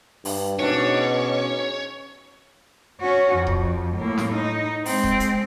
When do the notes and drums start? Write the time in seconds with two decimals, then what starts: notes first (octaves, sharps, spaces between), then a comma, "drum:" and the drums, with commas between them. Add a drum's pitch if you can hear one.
0.25 G2, drum: open hi-hat
0.59 G#2 B2 C#4 D4 C#5
3.01 C#4 F#4
3.37 F2
3.47 drum: kick D#1
3.97 A2 A#3
4.18 drum: snare
4.35 D#4
4.86 G#3 C4, drum: open hi-hat
5.04 drum: kick D#1
5.20 drum: hi-hat